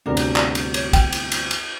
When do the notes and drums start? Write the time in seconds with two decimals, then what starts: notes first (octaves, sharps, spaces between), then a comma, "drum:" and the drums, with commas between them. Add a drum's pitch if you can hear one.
0.06 G1 D2 C3 D4 F#4 A#4
0.17 drum: cymbal
0.36 drum: clap
0.55 drum: cymbal
0.74 C#5, drum: cymbal
0.93 G5, drum: kick, cymbal
1.12 drum: cymbal
1.32 drum: cymbal
1.51 drum: cymbal